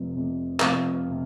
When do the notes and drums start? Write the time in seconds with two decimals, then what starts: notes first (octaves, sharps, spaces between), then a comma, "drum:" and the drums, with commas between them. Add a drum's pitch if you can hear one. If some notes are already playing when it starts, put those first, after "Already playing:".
Already playing: F1 F2 C3
0.15 F1 F2 C3
0.60 F1 F2 C3 F5, drum: clap
1.09 C3